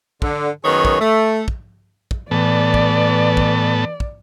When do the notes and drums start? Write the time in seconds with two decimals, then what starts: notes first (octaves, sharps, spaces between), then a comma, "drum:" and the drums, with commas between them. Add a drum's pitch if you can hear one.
0.22 D3, drum: kick
0.63 F#2 D#3 B3 G#4 C#5
0.85 drum: kick
1.00 A3
1.48 drum: kick
2.11 drum: kick
2.31 A2 E3 B3 D5 A5
2.74 drum: kick
3.37 drum: kick
4.00 drum: kick